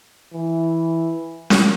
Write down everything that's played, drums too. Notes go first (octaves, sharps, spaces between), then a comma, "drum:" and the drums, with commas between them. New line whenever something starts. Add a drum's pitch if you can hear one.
E3
drum: snare C#4